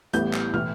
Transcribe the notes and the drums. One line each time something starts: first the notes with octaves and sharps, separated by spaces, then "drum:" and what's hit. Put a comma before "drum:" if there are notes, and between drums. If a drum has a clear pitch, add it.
A1 A2 G3 B3 G6, drum: hi-hat
drum: clap
A2 E3 F6, drum: tom